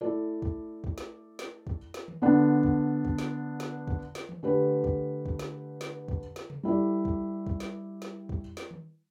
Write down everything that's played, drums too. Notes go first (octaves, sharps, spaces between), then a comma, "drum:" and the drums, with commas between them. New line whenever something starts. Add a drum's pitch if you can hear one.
A3 E4 A4 D5
drum: kick
drum: kick
drum: snare
drum: snare
drum: kick
drum: snare
drum: tom D#3
D3 B3 D4
drum: kick
drum: kick
drum: snare
drum: snare
drum: kick
drum: snare
drum: tom D#3
D3 A3 G4 B4
drum: kick
drum: kick
drum: snare
drum: snare
drum: kick
drum: snare
drum: tom C3
G3 E4 A4 D5
drum: kick
drum: kick
drum: snare
drum: snare
drum: kick
drum: snare
drum: tom D#3